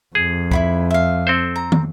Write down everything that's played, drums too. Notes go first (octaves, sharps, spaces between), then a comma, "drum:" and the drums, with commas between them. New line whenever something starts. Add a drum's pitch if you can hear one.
F2 G#4
E4 F4 B5, drum: kick
E5 F5
C4 A4 C5
A#5
drum: tom